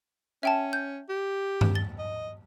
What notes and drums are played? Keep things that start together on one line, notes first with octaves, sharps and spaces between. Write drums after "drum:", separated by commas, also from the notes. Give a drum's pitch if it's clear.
C#4 E5 G5 A5
G6
G4
drum: tom G2
A6 G7
D#5